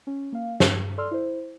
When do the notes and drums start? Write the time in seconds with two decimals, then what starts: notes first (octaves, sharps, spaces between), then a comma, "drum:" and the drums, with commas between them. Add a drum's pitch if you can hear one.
0.07 C#4
0.32 A#3 F5
0.60 G2, drum: snare
0.98 A4 D5 C6 E6 F6
1.11 E4 C5